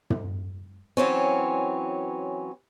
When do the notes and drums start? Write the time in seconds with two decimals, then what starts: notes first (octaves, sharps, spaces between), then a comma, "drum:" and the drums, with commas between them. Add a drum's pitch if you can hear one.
0.10 drum: tom
0.97 E3 F#3 C4 C#4